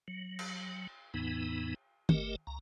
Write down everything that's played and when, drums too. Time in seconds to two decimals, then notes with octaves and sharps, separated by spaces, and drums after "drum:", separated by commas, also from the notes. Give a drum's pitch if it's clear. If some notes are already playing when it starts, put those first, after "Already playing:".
0.08 F#3
0.39 drum: cymbal
1.14 E2 A2 E3 B3 D#4
2.09 G1 A3 G4 A#4 D#5, drum: tom
2.47 C#2 A#5